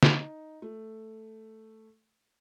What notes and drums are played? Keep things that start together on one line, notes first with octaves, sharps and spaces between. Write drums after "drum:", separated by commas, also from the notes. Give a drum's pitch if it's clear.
D#4, drum: snare
A3